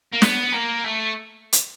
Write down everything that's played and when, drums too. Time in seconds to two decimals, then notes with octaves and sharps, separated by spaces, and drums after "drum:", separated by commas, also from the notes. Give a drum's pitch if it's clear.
0.13 A#3
0.22 B3, drum: snare
0.53 A#3
0.84 A3
1.53 drum: hi-hat